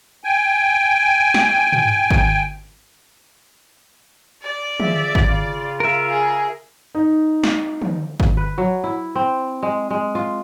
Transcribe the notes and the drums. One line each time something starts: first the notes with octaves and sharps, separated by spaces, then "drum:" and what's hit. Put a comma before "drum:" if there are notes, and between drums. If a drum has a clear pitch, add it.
G5 G#5
drum: snare
drum: tom
drum: kick
D5
F4 G#4 E5, drum: tom
drum: kick
C#3 F4
A#4 E5
G#4
D#4
drum: snare
drum: tom
drum: kick
B4
F#3
E4
C4
G#3
G#3
F4